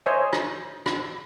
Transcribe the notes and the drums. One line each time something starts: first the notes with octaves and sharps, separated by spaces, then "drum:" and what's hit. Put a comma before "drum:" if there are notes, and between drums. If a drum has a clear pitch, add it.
C5 C#5 D#5 E5 G#5
drum: rim click
drum: rim click